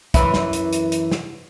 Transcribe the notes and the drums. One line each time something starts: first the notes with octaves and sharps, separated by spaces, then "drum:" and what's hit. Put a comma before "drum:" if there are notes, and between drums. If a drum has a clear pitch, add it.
F#2 E3 E4, drum: kick, hi-hat
drum: snare
drum: hi-hat
drum: hi-hat
drum: hi-hat
drum: snare